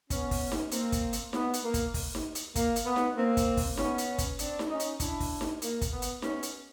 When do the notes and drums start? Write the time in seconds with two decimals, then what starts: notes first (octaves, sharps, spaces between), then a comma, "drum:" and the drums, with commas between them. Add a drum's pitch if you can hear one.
0.10 B3 C#4, drum: kick, hi-hat
0.31 drum: kick, open hi-hat
0.52 drum: snare D#4
0.71 A#3 C4, drum: hi-hat
0.92 drum: kick, hi-hat
1.13 drum: hi-hat
1.33 B3, drum: snare D#4
1.53 drum: hi-hat
1.64 A#3
1.74 drum: kick, hi-hat
1.94 drum: kick, open hi-hat
2.15 drum: snare D#4
2.35 drum: hi-hat
2.55 A#3, drum: kick, hi-hat
2.76 drum: hi-hat
2.86 B3
2.96 drum: snare D#4
3.16 A#3 C4
3.37 drum: kick, hi-hat
3.57 drum: kick, open hi-hat
3.77 B3 C#4, drum: snare D#4
3.98 drum: hi-hat
4.18 drum: kick, hi-hat
4.39 C4 D4, drum: hi-hat
4.59 drum: snare D#4
4.69 C#4 D#4
4.80 drum: hi-hat
5.00 D4 E4, drum: kick, hi-hat
5.20 drum: kick, open hi-hat
5.41 drum: snare D#4
5.62 A#3, drum: hi-hat
5.81 drum: kick, hi-hat
5.92 B3
6.02 drum: hi-hat
6.22 B3 C#4, drum: snare D#4
6.43 drum: hi-hat